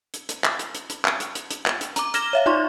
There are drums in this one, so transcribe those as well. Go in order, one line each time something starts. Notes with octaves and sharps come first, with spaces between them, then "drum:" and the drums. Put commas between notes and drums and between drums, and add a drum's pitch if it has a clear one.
drum: hi-hat
drum: hi-hat
drum: clap
drum: hi-hat
drum: hi-hat
drum: hi-hat
drum: clap
drum: hi-hat
drum: hi-hat
drum: hi-hat
drum: clap
drum: hi-hat
A#5 D6, drum: hi-hat
F6 G#6 A#6 E7 G7, drum: hi-hat
C#5 E5 F5
D#4 F4 D5 C6 C#6